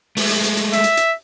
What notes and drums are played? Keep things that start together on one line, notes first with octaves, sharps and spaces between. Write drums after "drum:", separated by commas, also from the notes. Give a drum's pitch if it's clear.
G#3 A3, drum: open hi-hat
drum: hi-hat
drum: hi-hat
drum: hi-hat
E5, drum: hi-hat
drum: hi-hat
drum: hi-hat